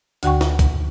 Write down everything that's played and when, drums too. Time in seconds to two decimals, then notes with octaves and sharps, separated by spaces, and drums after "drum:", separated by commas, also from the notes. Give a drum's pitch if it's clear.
0.23 D2 D3 F#4 F#5 G5 C#6, drum: hi-hat
0.41 drum: snare
0.59 drum: kick B1, hi-hat